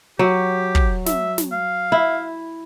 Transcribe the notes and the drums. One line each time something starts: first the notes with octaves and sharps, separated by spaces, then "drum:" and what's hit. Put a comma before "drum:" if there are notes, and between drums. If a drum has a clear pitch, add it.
F#3 G4
drum: kick
E5, drum: snare
drum: snare
F5
E4